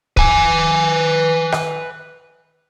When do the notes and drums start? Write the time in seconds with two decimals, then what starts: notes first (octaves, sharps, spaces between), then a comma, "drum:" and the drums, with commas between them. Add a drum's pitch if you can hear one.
0.17 B4 G#5, drum: kick
1.52 drum: rim click